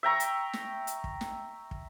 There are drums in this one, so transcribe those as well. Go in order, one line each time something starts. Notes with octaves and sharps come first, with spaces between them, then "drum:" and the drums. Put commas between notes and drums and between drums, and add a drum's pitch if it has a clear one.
E5 G5 A#5 C#6
drum: hi-hat
drum: snare
drum: hi-hat
drum: kick
drum: snare
drum: kick